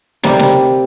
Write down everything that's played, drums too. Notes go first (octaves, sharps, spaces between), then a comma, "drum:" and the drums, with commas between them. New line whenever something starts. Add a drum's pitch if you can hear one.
C3 G3 A#3, drum: snare
drum: snare